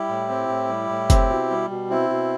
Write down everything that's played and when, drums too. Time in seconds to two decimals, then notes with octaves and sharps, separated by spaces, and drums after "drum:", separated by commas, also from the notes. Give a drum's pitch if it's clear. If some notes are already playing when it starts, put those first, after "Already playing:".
Already playing: G3 E4 G4
0.09 A2
0.28 C4
0.49 A2
0.69 G3
0.90 A2
1.10 C4, drum: kick F#1, hi-hat
1.30 B2
1.50 G3
1.70 B2
1.90 C4 E4
2.10 B2